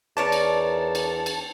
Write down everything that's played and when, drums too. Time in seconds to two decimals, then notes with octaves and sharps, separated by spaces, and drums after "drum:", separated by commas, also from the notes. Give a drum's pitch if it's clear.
0.17 E2 A#4 C#5 D5 A5
0.32 drum: cymbal
0.95 drum: cymbal
1.26 drum: cymbal